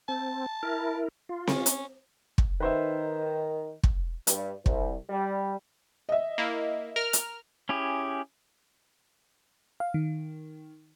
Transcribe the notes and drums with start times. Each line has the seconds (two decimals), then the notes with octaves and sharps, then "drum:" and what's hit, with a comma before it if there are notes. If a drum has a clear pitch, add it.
0.08 C4 A5
0.63 E4 A#4
1.29 F4
1.47 C#4, drum: snare C4
1.66 drum: hi-hat
2.38 drum: kick
2.60 D#3 B4 C5 E5
3.83 drum: kick
4.27 G2, drum: hi-hat
4.66 C2, drum: kick
5.10 G3
6.09 D#5 E5
6.38 A#3 E4
6.96 A#4 F6
7.13 drum: hi-hat
7.69 C#4 E4 G4 G#4
9.80 F5
9.94 D#3